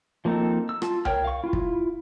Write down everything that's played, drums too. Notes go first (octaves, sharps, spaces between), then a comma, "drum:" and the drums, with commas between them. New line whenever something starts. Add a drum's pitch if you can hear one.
F3 A#3 C4 D#4 A4
E6
F4 A5, drum: rim click
A#4 C#5 G5 F6, drum: tom C2
F5 C#6
E4 F4
drum: kick